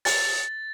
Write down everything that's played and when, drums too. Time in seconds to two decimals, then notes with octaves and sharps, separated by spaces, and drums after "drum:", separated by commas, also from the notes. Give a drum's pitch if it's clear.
0.05 A6, drum: open hi-hat